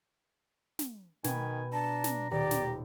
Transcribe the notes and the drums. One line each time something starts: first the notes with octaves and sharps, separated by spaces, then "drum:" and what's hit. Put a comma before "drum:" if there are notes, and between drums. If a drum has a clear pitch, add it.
drum: snare
B2 D#3 G5 G#5 B5, drum: snare
D4 A5 A#5
drum: snare
D#1 G4 D5 A#5
drum: snare